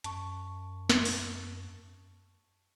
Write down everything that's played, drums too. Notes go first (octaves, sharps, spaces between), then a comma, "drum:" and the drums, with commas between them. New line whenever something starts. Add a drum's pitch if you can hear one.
F#2 A5 C#6, drum: hi-hat
drum: snare
drum: open hi-hat